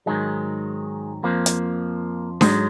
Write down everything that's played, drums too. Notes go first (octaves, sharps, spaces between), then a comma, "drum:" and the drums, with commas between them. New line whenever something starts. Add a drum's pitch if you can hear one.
G#2 D#3 F#3 G#3
F2 F3 A#3
drum: hi-hat
G#2 F#3 G#3, drum: snare D4